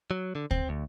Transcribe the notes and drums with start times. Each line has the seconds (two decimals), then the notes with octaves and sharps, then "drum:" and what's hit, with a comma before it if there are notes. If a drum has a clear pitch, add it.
0.11 F#3
0.35 D3
0.51 C4, drum: kick
0.69 D2